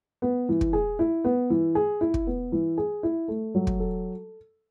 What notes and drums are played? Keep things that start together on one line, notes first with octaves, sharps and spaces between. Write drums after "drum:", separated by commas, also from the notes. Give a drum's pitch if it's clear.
B3
E3
drum: kick
G#4
E4
B3
E3
G#4
E4
drum: kick
B3
E3
G#4
E4
A3
F#3
drum: kick
A4